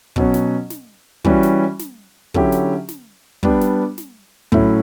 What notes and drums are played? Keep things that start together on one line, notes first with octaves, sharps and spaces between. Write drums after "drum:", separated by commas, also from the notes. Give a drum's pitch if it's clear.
B2 F#3 C#4, drum: kick
drum: snare
drum: snare
E3 G3 C#4 F#4, drum: kick
drum: snare
drum: snare
D3 F#3 C#4 E4 G4, drum: kick
drum: snare
drum: snare
G3 B3 D4 G4, drum: kick
drum: snare
drum: snare
A2 F#3 C#4 E4, drum: kick